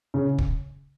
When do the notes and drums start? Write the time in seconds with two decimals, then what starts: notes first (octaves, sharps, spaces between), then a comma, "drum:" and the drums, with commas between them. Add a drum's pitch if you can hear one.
0.14 C#3
0.39 drum: kick